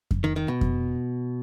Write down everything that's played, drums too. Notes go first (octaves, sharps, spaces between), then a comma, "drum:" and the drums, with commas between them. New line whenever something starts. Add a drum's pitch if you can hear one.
drum: kick F2
D#3
D#3
B2
drum: kick F2